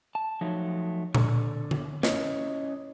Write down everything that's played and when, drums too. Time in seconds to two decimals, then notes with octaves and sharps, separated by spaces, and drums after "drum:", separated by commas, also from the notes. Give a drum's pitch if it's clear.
0.15 A5
0.41 F3 F#3 A3 D#4
1.15 D3, drum: tom A#2
1.71 drum: tom D3
2.03 C#4 E4 C#5 D#5, drum: snare